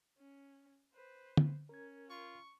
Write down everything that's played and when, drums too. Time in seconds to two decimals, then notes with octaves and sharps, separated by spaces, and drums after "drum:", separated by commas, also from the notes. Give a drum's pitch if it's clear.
0.18 C#4
0.93 B4 C5
1.37 drum: tom
1.69 C#4 A#4 G#6
2.10 F4 C#6